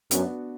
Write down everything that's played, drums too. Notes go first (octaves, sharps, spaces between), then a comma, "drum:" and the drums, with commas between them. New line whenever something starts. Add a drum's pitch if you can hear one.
F#2 B3 D4 F#4 B4, drum: hi-hat